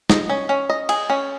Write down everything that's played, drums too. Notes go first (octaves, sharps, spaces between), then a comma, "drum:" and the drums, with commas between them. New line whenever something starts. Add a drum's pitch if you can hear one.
D#5, drum: snare
C#4
C#4
D#5
G#4, drum: cymbal
C#4